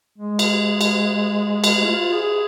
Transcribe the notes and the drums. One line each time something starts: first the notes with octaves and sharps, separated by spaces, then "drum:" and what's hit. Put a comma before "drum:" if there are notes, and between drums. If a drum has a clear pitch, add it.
G#3
drum: cymbal
drum: cymbal
drum: cymbal
F4
G#4